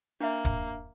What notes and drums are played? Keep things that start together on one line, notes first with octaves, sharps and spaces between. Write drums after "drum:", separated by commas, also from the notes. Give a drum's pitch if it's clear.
A#3 D4 E5
drum: kick, hi-hat